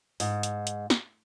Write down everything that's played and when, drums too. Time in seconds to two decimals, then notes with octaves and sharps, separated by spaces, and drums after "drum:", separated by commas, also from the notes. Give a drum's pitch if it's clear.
0.20 G#2, drum: open hi-hat
0.43 drum: hi-hat
0.67 drum: hi-hat
0.90 drum: snare